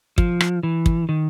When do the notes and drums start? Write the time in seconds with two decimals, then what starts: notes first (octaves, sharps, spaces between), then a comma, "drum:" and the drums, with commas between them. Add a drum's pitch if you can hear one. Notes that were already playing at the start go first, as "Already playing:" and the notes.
0.18 F3, drum: kick
0.41 drum: rim click
0.63 E3
0.86 drum: kick
1.09 D#3